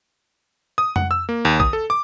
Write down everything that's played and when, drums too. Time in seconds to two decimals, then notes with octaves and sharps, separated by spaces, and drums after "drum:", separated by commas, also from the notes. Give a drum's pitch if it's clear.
0.78 D#6
0.96 F#5, drum: tom F2
1.11 E6
1.29 A#3
1.45 D#2
1.60 D#6, drum: kick A#1
1.73 A4
1.90 D6